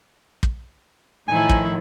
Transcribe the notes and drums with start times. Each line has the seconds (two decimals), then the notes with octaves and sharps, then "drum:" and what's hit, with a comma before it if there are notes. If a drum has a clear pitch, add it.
0.43 drum: kick
1.28 A2 D#3 F3 D#4 E4 G#5
1.49 drum: kick